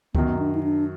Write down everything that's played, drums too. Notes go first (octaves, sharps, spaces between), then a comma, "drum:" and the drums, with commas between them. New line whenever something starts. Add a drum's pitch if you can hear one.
F#2 D#3 F#3 B3, drum: kick C#2
D4
D#4
D4